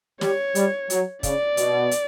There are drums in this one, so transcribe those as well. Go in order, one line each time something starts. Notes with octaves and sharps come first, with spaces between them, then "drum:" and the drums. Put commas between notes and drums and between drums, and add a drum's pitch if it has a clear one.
G3 C#5, drum: snare
G3, drum: hi-hat
F#3, drum: hi-hat
C#3 D5, drum: kick, hi-hat
B2, drum: hi-hat
drum: hi-hat